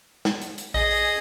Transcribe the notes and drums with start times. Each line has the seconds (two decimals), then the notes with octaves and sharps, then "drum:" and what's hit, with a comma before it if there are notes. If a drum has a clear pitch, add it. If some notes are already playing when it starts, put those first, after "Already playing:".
0.25 drum: snare
0.42 drum: hi-hat
0.58 drum: hi-hat
0.74 G#4 D#5, drum: kick A#1, open hi-hat
0.91 drum: open hi-hat